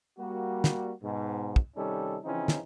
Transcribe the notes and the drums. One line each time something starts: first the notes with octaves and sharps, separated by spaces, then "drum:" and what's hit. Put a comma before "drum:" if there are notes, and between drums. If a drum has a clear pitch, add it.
G3 A#3 F#4
drum: snare
G#2 B2
drum: kick
C3 D#3 G3 C#4 D#4 A4
C#3 E3 F3 C4 C#4 D#4
drum: snare